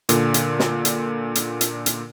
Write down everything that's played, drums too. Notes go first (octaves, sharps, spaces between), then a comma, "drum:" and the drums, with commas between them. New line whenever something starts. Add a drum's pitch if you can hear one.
A#2 D3, drum: hi-hat
drum: hi-hat
drum: snare
drum: hi-hat
drum: hi-hat
drum: hi-hat
drum: hi-hat